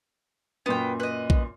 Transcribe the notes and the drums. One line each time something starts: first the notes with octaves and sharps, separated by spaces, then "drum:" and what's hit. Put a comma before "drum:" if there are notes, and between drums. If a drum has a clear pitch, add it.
F#2 A#2 B3 G5
B4 D#5
drum: kick A#1